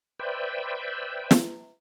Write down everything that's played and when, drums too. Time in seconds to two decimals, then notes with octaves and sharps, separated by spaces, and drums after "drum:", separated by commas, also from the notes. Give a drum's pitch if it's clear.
0.19 B4 C5 D5 E5 G5
1.31 drum: snare